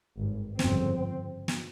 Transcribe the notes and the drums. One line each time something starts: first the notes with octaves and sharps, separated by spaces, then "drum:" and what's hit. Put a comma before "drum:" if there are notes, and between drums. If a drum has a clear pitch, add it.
G#1 G2
G1 F2 C#3 C4, drum: snare
drum: snare